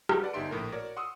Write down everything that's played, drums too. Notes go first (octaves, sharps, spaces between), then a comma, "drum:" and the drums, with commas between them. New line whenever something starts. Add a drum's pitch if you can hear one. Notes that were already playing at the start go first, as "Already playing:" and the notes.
drum: rim click
B4 D5 F#5
G1 D#4 G4 E5 C6 D7
A#1 A2 A#4
F#4 A#4 C#5 D5
F#5 C6 C#6 D#6 E6